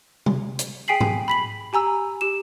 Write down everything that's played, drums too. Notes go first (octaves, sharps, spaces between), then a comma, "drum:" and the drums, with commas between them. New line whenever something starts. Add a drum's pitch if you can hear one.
drum: tom C3
drum: hi-hat
G#4 G5 G#5 B6 C7 F#7
drum: tom G#2
B5 B6 F#7
G4 G#5 A#5 E6
G4 E7